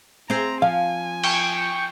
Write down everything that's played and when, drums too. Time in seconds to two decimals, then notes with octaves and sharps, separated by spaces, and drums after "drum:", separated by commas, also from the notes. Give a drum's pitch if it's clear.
0.30 C4 G#4 C5 A#5
0.62 F3 F5 G#5
1.23 G5 C#6, drum: cymbal